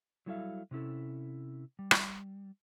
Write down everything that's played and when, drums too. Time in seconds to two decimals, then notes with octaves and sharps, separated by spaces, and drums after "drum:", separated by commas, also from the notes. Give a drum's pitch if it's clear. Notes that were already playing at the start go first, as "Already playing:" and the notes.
0.26 F#3 G3 E4 A4 E5 F5
0.71 C3 C#4 E4 A4
1.79 G3
1.91 drum: rim click